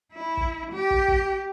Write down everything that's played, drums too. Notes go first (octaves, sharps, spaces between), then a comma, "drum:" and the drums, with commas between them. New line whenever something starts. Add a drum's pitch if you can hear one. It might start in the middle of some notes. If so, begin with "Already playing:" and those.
E4
drum: kick
G4
drum: kick
drum: kick